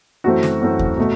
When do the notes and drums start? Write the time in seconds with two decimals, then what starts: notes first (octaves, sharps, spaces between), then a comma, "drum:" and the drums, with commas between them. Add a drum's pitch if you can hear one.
0.24 F#2 E3 A3 C4 F#4
0.43 drum: snare
0.61 F#2 E3 A3 C4
0.79 drum: kick D#2
0.97 B2 A3